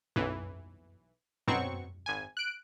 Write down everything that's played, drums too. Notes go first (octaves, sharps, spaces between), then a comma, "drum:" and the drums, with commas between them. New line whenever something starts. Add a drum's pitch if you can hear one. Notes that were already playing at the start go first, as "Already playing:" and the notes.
B1 E3, drum: tom F#2
B2 F#3 C4 C#6, drum: tom F#2
G#1 G#5
F#6 D7